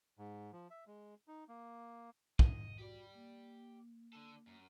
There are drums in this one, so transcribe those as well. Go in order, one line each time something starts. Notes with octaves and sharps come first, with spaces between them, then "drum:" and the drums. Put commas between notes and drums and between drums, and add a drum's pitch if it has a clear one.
G#2
F3
E5
G#3
D#4
A#3
D#5, drum: kick
F#4 G4 D5
A#3
D3 A4
F#2